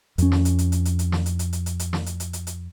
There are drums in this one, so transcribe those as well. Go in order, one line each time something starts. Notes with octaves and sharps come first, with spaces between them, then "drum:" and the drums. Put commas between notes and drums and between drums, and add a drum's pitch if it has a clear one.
F2 C#4, drum: hi-hat
drum: snare
drum: hi-hat
drum: hi-hat
drum: hi-hat
drum: hi-hat
drum: hi-hat
drum: snare
drum: hi-hat
drum: hi-hat
drum: hi-hat
drum: hi-hat
drum: hi-hat
drum: snare
drum: hi-hat
drum: hi-hat
drum: hi-hat
drum: hi-hat